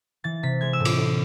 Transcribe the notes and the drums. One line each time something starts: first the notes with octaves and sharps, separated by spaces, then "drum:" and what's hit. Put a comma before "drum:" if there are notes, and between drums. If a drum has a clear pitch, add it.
E3 A6
C3 B6
G#3 G#6
E6
A2
D6, drum: cymbal
A2